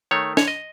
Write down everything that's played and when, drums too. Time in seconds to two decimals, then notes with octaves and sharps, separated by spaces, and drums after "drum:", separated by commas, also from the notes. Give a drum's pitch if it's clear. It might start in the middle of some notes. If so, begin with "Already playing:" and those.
0.11 D#3 A3 C#5
0.37 C#5, drum: snare
0.48 D#5